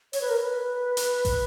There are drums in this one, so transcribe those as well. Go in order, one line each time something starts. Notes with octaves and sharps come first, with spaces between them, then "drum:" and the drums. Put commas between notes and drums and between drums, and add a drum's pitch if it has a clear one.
C#5, drum: open hi-hat
B4
A#4
B4
drum: hi-hat
drum: kick, open hi-hat